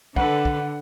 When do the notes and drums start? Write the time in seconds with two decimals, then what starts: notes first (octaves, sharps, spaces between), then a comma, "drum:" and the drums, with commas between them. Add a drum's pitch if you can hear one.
0.16 D3 A4 B4 F#5, drum: kick
0.45 drum: kick